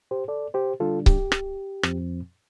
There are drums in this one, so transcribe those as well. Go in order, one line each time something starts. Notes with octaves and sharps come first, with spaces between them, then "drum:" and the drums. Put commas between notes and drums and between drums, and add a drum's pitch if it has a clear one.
G4 C5
A4 D5
G4 C5
D3 G3 D4 F4 A4
G4, drum: kick C#1
drum: rim click
F2 F3 C4, drum: rim click